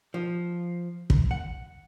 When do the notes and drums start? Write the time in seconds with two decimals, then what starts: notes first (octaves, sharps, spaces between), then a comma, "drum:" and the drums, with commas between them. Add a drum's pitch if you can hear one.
0.14 F3
1.10 drum: kick
1.31 F#5